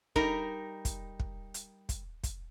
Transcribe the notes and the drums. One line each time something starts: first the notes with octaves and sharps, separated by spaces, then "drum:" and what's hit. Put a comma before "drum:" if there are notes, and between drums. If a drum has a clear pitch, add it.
G3 D#4 A#4, drum: kick
drum: kick, hi-hat
drum: kick
drum: hi-hat
drum: kick, hi-hat
drum: kick, hi-hat